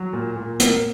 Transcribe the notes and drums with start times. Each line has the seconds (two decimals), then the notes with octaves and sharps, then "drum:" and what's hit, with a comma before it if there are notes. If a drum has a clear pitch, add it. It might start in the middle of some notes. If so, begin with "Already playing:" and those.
Already playing: F#3
0.13 A#2
0.36 A#2
0.60 A#3, drum: hi-hat